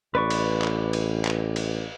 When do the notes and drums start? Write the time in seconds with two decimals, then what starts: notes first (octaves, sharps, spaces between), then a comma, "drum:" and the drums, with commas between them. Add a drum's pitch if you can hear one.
0.15 A1 B4 D5 C#6
0.30 drum: cymbal
0.62 drum: clap
0.93 drum: cymbal
1.25 drum: clap
1.56 drum: cymbal